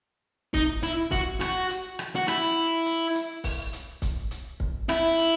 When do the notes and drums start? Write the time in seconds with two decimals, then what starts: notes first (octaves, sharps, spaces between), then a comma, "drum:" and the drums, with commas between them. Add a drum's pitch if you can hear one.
0.54 D#4, drum: kick, hi-hat
0.83 E4, drum: hi-hat
1.12 F#4, drum: kick, hi-hat
1.41 F#4, drum: rim click
1.70 drum: hi-hat
1.99 drum: rim click
2.16 F#4
2.28 E4, drum: rim click
2.86 drum: hi-hat
3.15 drum: hi-hat
3.44 drum: kick, open hi-hat
3.73 drum: hi-hat
4.02 drum: kick, hi-hat
4.31 drum: hi-hat
4.60 drum: kick
4.89 E4, drum: rim click
5.18 drum: hi-hat